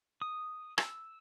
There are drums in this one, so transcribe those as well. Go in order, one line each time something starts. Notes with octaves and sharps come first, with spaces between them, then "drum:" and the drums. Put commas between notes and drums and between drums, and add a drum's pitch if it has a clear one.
D#6
E6, drum: rim click